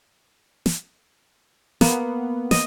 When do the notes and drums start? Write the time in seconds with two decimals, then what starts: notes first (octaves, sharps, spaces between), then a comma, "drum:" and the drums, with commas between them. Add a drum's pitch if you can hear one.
0.66 drum: snare
1.81 A#3 B3, drum: snare
2.51 D#5, drum: snare